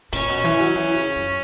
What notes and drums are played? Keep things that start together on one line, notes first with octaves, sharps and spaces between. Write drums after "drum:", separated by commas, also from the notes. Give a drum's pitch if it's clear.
A#2 C#4, drum: cymbal
B2
E3
F#3
E3
C#3
F#2